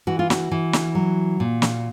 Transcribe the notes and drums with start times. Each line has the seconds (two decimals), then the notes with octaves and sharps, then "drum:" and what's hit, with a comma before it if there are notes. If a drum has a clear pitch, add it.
0.07 E3 F#4
0.19 F4
0.30 F#4, drum: snare
0.52 E3
0.73 drum: snare
0.95 F#3
1.40 A#2
1.62 drum: snare